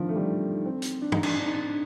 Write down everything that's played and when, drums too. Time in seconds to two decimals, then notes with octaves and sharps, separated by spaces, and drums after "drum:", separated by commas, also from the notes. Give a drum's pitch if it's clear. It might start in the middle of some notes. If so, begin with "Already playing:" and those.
Already playing: D3 D#3 F3
0.09 A3
0.15 G3
0.65 C4
0.82 drum: hi-hat
1.02 D4
1.12 D#4, drum: tom
1.23 D4, drum: cymbal
1.39 D4
1.46 D#4
1.54 D4